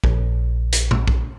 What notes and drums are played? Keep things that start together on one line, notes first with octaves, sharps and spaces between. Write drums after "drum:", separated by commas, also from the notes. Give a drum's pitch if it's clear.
A#1, drum: kick
drum: hi-hat
drum: tom A#2
drum: kick